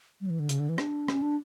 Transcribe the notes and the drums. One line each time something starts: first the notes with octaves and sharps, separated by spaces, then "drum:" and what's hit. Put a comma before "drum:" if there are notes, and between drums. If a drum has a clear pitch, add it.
G3
F#3
E3
D3
C#3, drum: hi-hat
D3
E3
D4, drum: rim click
C#4, drum: rim click
D4